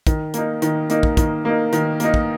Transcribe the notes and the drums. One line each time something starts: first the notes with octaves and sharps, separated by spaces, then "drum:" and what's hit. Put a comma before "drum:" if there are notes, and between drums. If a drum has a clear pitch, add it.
D#3, drum: kick, hi-hat
A#3 D#4, drum: hi-hat
D#3, drum: hi-hat
A#3 D#4, drum: hi-hat
drum: kick
D#3, drum: kick, hi-hat
A#3 D#4
D#3, drum: hi-hat
A#3 D#4, drum: hi-hat
drum: kick